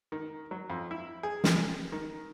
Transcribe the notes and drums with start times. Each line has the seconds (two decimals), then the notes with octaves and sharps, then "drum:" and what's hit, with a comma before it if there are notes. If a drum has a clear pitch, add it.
0.12 D#3
0.51 F#3
0.70 F2
0.91 E4
1.23 G#4
1.44 drum: snare
1.92 D#3